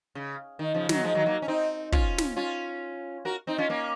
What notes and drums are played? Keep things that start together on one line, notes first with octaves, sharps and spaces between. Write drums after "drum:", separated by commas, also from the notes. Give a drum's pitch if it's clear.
C#3
D#3
C#3 F3
D#3 F#3, drum: snare
F3 G#3
D#3 F#3
F#3 A#3
C#4
C4 D#4
C#4 F4, drum: kick
drum: snare
C#4 F4
F#4 A#4
C4 D#4
C#4 F4
A#3 C#4